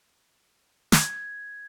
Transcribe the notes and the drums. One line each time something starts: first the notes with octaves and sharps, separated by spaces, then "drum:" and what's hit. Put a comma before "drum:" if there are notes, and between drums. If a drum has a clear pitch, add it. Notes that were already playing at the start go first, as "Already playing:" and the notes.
G#6, drum: snare